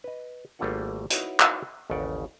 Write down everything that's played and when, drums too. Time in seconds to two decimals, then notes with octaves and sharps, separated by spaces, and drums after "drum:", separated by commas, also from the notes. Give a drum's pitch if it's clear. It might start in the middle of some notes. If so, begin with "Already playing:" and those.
0.04 B4 D#5
0.59 G#1 G3 A3 A#3 F4 F#5
1.10 D#4 E4 F#4 B4 C#5 D#5, drum: hi-hat
1.40 drum: clap
1.90 A1 D#2 C#3 D5 F#5